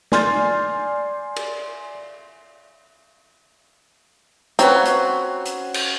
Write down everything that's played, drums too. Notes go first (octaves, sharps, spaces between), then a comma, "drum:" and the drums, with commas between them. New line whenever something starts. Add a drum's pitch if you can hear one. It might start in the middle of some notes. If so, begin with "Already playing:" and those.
D5 G#5 C6 F6 G6 A6, drum: snare
drum: cymbal
C4 C#4 F#4 B4 C#5 A#5, drum: hi-hat
drum: hi-hat
drum: hi-hat
drum: cymbal